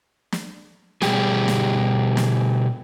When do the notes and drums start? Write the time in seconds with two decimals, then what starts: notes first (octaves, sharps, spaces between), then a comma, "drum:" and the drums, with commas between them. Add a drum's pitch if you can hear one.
0.32 drum: snare
1.02 B2 G3 G4 G#4, drum: snare
1.48 drum: snare
2.17 drum: snare